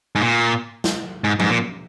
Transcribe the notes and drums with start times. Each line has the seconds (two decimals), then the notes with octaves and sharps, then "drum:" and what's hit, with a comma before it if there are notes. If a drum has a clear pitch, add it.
0.15 G#2
0.22 A#2
0.84 drum: snare
1.24 G#2
1.40 G#2, drum: tom F3
1.50 A#2